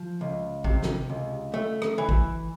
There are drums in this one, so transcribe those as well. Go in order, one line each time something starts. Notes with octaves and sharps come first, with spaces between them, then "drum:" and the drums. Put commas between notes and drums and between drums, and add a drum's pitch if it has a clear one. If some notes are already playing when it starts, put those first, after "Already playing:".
Already playing: F3
C#2
C3, drum: kick A1
drum: snare
C#2
A3
drum: rim click
E3
drum: kick A1